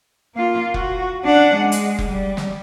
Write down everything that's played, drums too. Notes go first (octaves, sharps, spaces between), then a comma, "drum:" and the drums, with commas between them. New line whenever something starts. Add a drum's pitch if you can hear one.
A#3 F4
F#4, drum: kick F1
D4 F#5
G#3
drum: hi-hat
drum: kick F1
G3
drum: snare